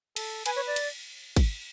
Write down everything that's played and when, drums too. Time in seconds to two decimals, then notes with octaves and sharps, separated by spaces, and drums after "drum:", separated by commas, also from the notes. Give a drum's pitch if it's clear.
0.16 A4, drum: cymbal
0.46 B4 G#5, drum: cymbal
0.56 C#5
0.67 D5
0.76 drum: cymbal
1.36 drum: kick, cymbal